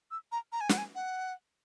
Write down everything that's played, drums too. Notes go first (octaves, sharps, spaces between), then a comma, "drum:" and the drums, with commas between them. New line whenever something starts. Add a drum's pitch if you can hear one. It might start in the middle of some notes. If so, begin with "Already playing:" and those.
E6
A#5
A#5
G#5
F#5, drum: snare
G#5
F#5